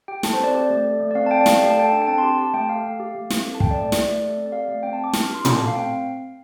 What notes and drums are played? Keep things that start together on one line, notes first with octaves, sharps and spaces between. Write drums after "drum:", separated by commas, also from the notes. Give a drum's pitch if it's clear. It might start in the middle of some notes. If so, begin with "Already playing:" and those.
G4 G5
A4 A5, drum: snare
C5
C4 D5
G4 D5
A3
A4
A3
D5
C4 F5
A5
A4 G5
D5
G4 F5, drum: snare
A3 G5
A5
A4 G5
D4
G5
C4 A5
C6
G4
G4 A5
A3 G5
A4 F5
A3
G4
A3
C4, drum: snare
A4
A5
A4 G5, drum: kick
D5
A3
D5
G4, drum: snare
A3
A4
C4
D5
G4 F5
A3
C4 G5
A5
G4 D6
D4 F6, drum: snare
D6
G4 C6
C6
A4 A5, drum: tom
A3
F5
C4 G5